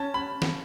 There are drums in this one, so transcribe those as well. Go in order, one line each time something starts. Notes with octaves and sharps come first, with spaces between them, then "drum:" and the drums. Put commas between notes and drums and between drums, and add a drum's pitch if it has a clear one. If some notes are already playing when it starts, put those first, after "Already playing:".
Already playing: C#4 A5
B5
drum: snare